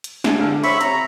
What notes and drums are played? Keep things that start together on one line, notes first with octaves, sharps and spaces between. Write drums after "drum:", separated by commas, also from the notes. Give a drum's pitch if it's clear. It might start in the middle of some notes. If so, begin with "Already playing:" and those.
drum: hi-hat
D4 E4 G#4, drum: snare
D3 F5 F6
C5 C#5 E5 B5 C#6, drum: open hi-hat
C3 A#5, drum: hi-hat